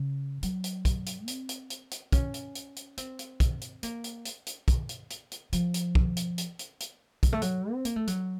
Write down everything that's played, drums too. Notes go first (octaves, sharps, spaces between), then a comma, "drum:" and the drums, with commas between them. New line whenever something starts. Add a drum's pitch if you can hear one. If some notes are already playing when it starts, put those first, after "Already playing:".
Already playing: C#3
F#3, drum: hi-hat
drum: hi-hat
drum: kick, hi-hat
drum: hi-hat
C4, drum: hi-hat
drum: hi-hat
drum: hi-hat
drum: hi-hat
C#4, drum: kick, hi-hat
drum: hi-hat
drum: hi-hat
drum: hi-hat
C4, drum: hi-hat
drum: hi-hat
drum: kick, hi-hat
drum: hi-hat
A#3, drum: hi-hat
drum: hi-hat
drum: hi-hat
drum: hi-hat
drum: kick, hi-hat
drum: hi-hat
drum: hi-hat
drum: hi-hat
F3, drum: hi-hat
drum: hi-hat
drum: kick
drum: hi-hat
drum: hi-hat
drum: hi-hat
drum: hi-hat
F#3, drum: kick, hi-hat
A3
F#3, drum: hi-hat
C4
A#3, drum: hi-hat
A3
F#3, drum: hi-hat